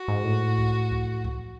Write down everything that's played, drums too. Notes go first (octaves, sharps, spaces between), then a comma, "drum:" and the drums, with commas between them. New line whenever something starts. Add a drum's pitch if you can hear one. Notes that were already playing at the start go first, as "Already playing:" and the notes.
Already playing: F#4
G#2
A2
drum: kick C#2
drum: kick C#2
drum: kick C#2